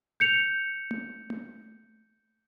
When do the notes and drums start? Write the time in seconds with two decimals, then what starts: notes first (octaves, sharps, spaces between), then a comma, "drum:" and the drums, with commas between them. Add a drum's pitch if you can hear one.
0.20 G6 C#7 F7
0.91 drum: tom A3
1.30 drum: tom A3